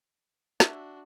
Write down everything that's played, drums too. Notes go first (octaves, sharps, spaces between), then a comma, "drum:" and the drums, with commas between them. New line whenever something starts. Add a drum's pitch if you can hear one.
D4 F#4 E5, drum: snare